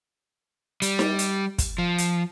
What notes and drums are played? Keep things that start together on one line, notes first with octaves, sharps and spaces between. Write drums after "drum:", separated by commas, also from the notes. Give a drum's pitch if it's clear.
G3, drum: hi-hat
drum: snare D#4
drum: hi-hat
drum: kick, hi-hat
F3
drum: hi-hat